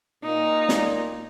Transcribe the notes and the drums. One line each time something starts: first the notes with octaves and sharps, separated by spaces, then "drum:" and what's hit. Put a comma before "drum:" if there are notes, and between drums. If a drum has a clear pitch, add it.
A#2 D#4
drum: snare